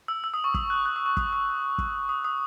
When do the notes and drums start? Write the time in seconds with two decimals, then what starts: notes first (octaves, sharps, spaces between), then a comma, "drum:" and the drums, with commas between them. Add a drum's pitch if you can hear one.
0.08 E6
0.24 E6
0.34 D#6
0.44 C#6
0.54 D#6, drum: kick
0.70 F#6
0.86 F#6
0.96 D#6
1.06 C#6
1.17 D#6, drum: kick
1.33 D#6
1.78 drum: kick
2.09 D#6
2.24 D#6